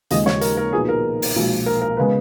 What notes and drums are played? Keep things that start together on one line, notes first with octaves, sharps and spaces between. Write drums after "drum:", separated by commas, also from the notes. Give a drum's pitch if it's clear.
D#2 C#3 F3 G#3 D#5, drum: hi-hat
C#5, drum: snare
A#4, drum: hi-hat
A#4
B1 A#2 F3 B3 D#4 G#4
A#4
drum: open hi-hat
B1 A#2 F3 G#3
A#4
A#4
C#3 G#3 B3 B4